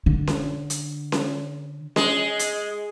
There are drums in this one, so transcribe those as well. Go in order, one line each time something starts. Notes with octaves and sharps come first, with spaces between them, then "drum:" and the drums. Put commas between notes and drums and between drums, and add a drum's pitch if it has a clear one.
D3
drum: snare C#4
drum: hi-hat
drum: snare C#4
G#3, drum: snare C#4
drum: hi-hat